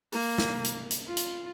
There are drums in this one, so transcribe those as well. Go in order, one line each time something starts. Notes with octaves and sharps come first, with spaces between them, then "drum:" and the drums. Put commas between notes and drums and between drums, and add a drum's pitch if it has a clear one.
A#3, drum: open hi-hat
drum: snare
drum: hi-hat
drum: hi-hat
F4
drum: hi-hat